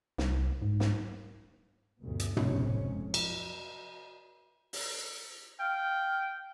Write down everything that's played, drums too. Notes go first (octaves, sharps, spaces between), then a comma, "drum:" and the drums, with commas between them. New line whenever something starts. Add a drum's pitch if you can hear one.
C2, drum: snare
G#2
drum: snare
D2 G2 B2
drum: hi-hat
F1 B1 A2 C3 G#3 C#4, drum: tom
F2
drum: cymbal
drum: open hi-hat
F5 G5